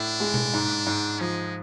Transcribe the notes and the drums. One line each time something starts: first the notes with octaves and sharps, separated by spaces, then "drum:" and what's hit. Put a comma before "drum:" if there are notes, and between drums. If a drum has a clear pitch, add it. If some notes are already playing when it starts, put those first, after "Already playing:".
Already playing: A2 D4
G#3
drum: tom B2
G#2
G#2
F3 G#3